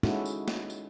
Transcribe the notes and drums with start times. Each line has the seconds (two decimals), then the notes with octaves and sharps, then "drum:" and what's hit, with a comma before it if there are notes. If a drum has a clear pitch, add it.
0.03 G#3 C#4 D#4 E4 F#4 A4, drum: snare
0.25 drum: tambourine
0.48 drum: snare
0.70 drum: tambourine